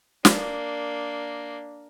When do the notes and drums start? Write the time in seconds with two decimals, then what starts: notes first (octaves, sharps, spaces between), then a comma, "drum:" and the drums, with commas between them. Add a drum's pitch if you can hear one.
0.25 A#3 D4, drum: snare